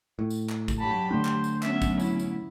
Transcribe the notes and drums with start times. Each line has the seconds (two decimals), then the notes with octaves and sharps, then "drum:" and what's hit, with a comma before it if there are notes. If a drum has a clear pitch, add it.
0.19 A2
0.30 drum: tambourine
0.49 drum: clap
0.68 drum: kick A1, tambourine
0.79 G2 F#3 G4 A5 B5
1.11 D3 A3 D4 C5
1.25 drum: clap
1.44 drum: tambourine
1.63 F#3 B3 C#4 E5, drum: clap
1.82 drum: kick A1, tambourine
2.00 E4, drum: tambourine
2.19 drum: tambourine